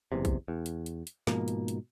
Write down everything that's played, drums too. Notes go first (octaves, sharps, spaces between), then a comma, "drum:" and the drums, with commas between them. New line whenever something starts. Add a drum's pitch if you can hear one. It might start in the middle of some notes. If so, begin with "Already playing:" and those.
F#1 E2 C3
drum: kick B1, hi-hat
E2
drum: hi-hat
drum: hi-hat
drum: hi-hat
G#2 B2 F3 A#3, drum: snare
drum: hi-hat
drum: hi-hat